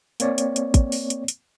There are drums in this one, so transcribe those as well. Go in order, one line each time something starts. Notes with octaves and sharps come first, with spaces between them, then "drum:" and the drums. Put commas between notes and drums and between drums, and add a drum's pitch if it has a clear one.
A#3 C4 C#5 D5, drum: hi-hat
drum: hi-hat
drum: hi-hat
drum: kick, hi-hat
drum: open hi-hat
drum: hi-hat
drum: hi-hat